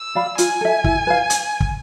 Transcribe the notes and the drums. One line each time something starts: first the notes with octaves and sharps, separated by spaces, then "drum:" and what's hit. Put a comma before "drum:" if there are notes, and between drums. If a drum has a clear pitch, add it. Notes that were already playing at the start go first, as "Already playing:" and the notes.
Already playing: E6
D5 F5 B5
F4 G#5, drum: hi-hat
A4 E5
E4, drum: kick
B4 F5
drum: hi-hat
drum: kick